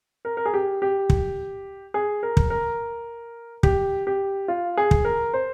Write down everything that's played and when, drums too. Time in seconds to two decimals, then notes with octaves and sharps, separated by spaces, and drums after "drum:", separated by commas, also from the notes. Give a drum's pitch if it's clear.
0.25 A#4
0.37 A#4
0.46 G#4
0.54 G4
0.82 G4
1.10 drum: kick
1.94 G#4
2.23 A#4
2.37 drum: kick
2.50 A#4
3.63 G4, drum: kick
4.07 G4
4.48 F4
4.77 G#4
4.91 drum: kick
5.05 A#4
5.34 C5